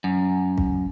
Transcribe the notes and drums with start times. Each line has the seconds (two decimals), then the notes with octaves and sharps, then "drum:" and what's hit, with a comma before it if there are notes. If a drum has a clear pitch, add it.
0.04 F#2
0.58 drum: kick